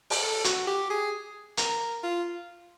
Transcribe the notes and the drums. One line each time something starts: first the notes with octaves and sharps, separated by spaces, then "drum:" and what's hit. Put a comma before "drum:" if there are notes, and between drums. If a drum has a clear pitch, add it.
drum: open hi-hat
A4
F#4, drum: hi-hat
G4
G#4
A#4, drum: hi-hat
F4